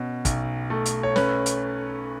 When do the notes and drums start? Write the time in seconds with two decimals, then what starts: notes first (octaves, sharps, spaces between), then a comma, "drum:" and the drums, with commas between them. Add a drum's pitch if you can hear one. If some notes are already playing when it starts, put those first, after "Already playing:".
Already playing: B2 C#4
0.25 B1, drum: kick, hi-hat
0.70 A3
0.86 drum: hi-hat
1.03 C#5
1.16 C#4 B4, drum: snare
1.46 drum: hi-hat